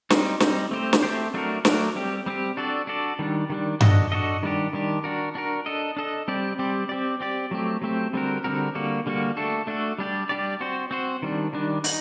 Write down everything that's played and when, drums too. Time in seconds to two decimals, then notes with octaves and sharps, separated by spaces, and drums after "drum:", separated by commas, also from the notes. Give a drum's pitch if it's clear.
0.10 G3 C4 D#4, drum: snare
0.40 G3 C4 D#4, drum: snare
0.71 A3 C4 G4 C5
0.93 drum: snare
1.03 A3 C4 G4 C5
1.34 F#3 A3 D4 F#4 A#4
1.65 F#3 A3 D4 F#4 A#4, drum: snare
1.96 G3 C4 G4
2.26 G3 C4 G4
2.57 D4 F#4 A4 D5
2.87 D4 F#4 A4 D5
3.19 D#3 G3 D4
3.50 D#3 G3 D4
3.81 D4 F#4 A4 D#5, drum: tom G2
4.12 D4 F#4 A4 D#5
4.43 D#3 G3 D4 G4
4.73 D#3 G3 D4 G4
5.04 D4 F#4 A#4
5.35 D4 F#4 A#4
5.66 D4 A4 D#5
5.97 D4 A4 D#5
6.28 G3 C4 G4 D5
6.59 G3 C4 G4 D5
6.89 C4 G4 D5
7.21 C4 G4 D5
7.51 F#3 A3 C4 G4
7.82 F#3 A3 C4 G4
8.13 D3 G3 C4 F#4 A#4
8.44 D3 G3 C4 F#4 A#4
8.75 D3 G3 A#3 F#4
9.06 D3 G3 A#3 F#4
9.37 A3 D4 F#4 A4
9.67 A3 D4 F#4 A4
9.99 G3 D4 G4 D5
10.29 G3 D4 G4 D5
10.61 C4 F#4 C5
10.91 C4 F#4 C5
11.22 D#3 G3 D4
11.53 D#3 G3 D4
11.84 D#4, drum: open hi-hat